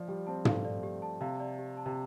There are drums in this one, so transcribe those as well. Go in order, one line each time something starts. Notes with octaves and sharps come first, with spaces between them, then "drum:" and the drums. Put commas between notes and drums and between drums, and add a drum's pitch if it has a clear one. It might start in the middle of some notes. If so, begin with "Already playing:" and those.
Already playing: F3 D5 F5
G3 G4
C4 A5
A3 F5, drum: tom
D5
G4
A5
C3 F5
D5
G4
A5
C3